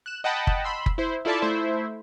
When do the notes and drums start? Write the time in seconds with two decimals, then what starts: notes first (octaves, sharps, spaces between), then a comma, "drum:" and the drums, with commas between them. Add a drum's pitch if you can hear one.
0.06 F#6 E7
0.24 D#5 F#5 G5 A5 B5
0.47 drum: kick F#1
0.64 B5 C6 E6
0.86 drum: kick F#1
0.98 E4 C5
1.25 E4 F4 A4 D5 E5 A5
1.42 A3 E4 C5 E5